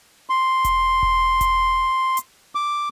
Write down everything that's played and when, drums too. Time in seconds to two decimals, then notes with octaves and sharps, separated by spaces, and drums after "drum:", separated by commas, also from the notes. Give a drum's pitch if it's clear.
0.29 C6
0.64 drum: kick E1, hi-hat
1.03 drum: kick E1
1.41 drum: kick E1, hi-hat
2.17 drum: hi-hat
2.55 D6